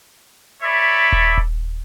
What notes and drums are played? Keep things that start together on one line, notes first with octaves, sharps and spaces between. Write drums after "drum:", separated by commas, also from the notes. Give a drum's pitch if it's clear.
A4 C#5 D5 E5 B5
drum: kick D#1
drum: kick D#1